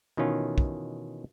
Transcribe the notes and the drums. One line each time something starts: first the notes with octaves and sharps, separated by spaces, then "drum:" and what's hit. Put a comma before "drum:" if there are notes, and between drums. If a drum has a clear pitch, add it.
B2 D#3 E3 C#4 F4
drum: kick